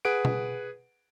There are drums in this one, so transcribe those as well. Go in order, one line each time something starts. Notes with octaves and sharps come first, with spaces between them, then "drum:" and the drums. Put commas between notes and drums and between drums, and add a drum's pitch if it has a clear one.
G#4 B4 F#5 D7
drum: tom